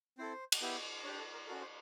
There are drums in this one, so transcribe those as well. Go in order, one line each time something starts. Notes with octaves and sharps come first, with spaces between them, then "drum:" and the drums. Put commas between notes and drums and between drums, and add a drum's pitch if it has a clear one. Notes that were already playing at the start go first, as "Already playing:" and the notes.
C4 E4 A4 C5
drum: cymbal
B3 E4 G4
D4 G4 C#5
A4
A#4
C#4 F#4 A4 A#4
C5